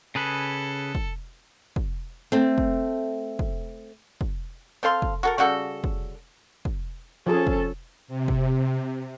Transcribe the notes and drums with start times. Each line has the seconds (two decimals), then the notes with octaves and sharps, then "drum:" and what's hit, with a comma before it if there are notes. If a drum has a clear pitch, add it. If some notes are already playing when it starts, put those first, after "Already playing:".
0.15 C#3 G#4 A4 B4
0.95 drum: kick
1.76 drum: kick
2.32 A3 C4
2.58 drum: kick
3.39 drum: kick
4.21 drum: kick
4.83 C4 A4 F5 C6
5.02 drum: kick
5.23 F#4 A4 A#4
5.38 C#3 G3 F#4 A4
5.84 drum: kick
6.65 drum: kick
7.27 F3 C#4 G#4 A4
7.47 drum: kick
8.08 C3
8.28 drum: kick